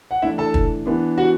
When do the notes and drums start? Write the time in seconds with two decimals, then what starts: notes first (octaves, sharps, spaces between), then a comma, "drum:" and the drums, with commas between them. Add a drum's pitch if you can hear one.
0.11 F#5
0.22 E3 A3 D4 E4 E5
0.38 A4 A5
0.54 drum: kick
0.86 E3 B3 D4
1.18 F#4 F#5